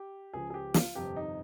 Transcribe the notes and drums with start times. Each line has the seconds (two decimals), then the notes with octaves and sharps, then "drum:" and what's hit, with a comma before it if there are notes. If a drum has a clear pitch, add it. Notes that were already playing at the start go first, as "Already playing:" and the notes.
Already playing: G4
0.33 C#2 C#3 F3 G#4
0.50 G#4
0.54 G4
0.74 F4, drum: snare
0.95 G1 F2 C3 G4
1.16 D#4